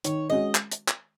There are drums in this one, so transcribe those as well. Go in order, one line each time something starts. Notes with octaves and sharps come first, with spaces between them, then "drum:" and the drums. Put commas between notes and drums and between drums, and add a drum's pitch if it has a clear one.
D#3 C#5, drum: hi-hat
G#3 C#4 F#4 D#5
drum: clap
drum: hi-hat
drum: clap